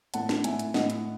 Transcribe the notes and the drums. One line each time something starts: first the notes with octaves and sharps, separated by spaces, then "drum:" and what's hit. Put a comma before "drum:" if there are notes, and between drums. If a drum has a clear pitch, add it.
A2 F#5 A5, drum: hi-hat
drum: snare C#4
A2 E5 G#5, drum: hi-hat
drum: hi-hat
A2 D#5 F#5, drum: snare C#4
drum: hi-hat